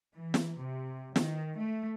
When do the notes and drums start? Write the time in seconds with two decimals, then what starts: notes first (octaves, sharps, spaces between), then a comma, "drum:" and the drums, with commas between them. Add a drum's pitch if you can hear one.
0.14 E3
0.34 drum: snare
0.58 C3
1.16 D#3, drum: snare
1.57 A3